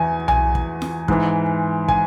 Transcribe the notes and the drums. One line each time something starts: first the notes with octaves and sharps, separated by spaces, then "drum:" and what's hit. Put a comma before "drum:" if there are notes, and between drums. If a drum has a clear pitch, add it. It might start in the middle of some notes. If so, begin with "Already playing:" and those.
Already playing: E2 E3 G#5
G#5, drum: tom B1
drum: kick
drum: snare F4
G#2 E3, drum: kick
G#5, drum: kick